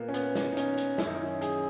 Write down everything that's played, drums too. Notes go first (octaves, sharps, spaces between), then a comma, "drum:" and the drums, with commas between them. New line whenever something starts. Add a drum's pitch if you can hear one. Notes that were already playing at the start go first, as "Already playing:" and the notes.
Already playing: A#2 A#3 B3
C#4
B3, drum: hi-hat
drum: snare
D#4
C#4, drum: hi-hat
drum: hi-hat
F#2 D#3 E4, drum: snare
D#4
C#4
D#4
G#4, drum: hi-hat